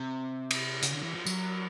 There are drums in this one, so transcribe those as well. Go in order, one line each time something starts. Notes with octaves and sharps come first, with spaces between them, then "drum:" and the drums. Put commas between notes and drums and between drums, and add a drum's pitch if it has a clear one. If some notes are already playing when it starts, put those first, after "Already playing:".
Already playing: C3
drum: cymbal
C#3, drum: hi-hat
D3
E3
F3
F#3, drum: tambourine